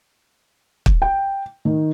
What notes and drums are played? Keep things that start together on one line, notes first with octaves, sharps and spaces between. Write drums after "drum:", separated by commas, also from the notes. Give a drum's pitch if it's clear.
drum: kick
G5
D#3